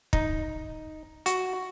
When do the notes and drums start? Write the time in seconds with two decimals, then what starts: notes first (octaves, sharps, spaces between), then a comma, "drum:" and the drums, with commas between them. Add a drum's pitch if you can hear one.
0.13 D#4, drum: kick
1.26 F#4, drum: hi-hat